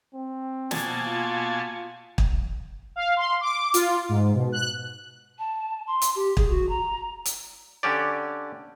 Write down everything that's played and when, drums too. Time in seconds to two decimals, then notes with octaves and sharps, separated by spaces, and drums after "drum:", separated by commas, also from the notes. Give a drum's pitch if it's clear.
0.15 C4
0.71 B2 A#3 B3 G#5 A5, drum: snare
1.07 F4
2.18 drum: kick
2.96 F5
3.17 C6
3.41 D6
3.74 F4, drum: hi-hat
4.09 G#2
4.34 B2
4.52 F#6
5.39 A5
5.87 C6
6.02 drum: hi-hat
6.15 G4
6.37 G#4, drum: kick
6.50 F#4
6.69 A#5
7.25 drum: hi-hat
7.83 D3 C#4 G4 D5